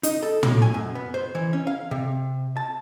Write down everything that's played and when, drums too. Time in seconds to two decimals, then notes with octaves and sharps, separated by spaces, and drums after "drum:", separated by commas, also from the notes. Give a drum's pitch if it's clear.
0.03 D#4, drum: hi-hat
0.22 A4
0.43 A2, drum: tom
0.62 G#5
0.74 F#2
0.95 B3
1.14 C5
1.35 E3
1.53 C#4
1.67 F5
1.91 C3
2.57 A5